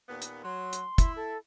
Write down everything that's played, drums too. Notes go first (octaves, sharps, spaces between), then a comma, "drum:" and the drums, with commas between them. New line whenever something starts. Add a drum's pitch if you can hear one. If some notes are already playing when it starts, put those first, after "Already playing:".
D#2 A#2 B3
drum: hi-hat
F#3 C6
drum: hi-hat
E4, drum: kick, hi-hat
A4